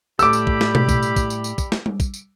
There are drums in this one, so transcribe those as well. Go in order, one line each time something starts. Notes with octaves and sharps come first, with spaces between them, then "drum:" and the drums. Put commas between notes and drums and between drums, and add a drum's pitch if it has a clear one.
A2 G3 A3 G4 A4 B5 D6 E6, drum: tambourine
drum: tambourine
drum: kick
drum: snare
drum: tom B2
drum: kick, tambourine
drum: tambourine
drum: kick, tambourine
drum: tambourine
drum: tambourine
drum: kick, tambourine
drum: snare
drum: tom G3
drum: kick, tambourine
drum: tambourine